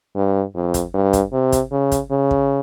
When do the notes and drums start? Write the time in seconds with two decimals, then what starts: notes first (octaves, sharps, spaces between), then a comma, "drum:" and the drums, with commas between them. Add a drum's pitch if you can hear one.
0.15 G2
0.55 F2
0.74 drum: kick, hi-hat
0.94 G2
1.13 drum: kick, hi-hat
1.32 C3
1.52 drum: kick, hi-hat
1.72 C#3
1.92 drum: kick, hi-hat
2.11 C#3
2.31 drum: kick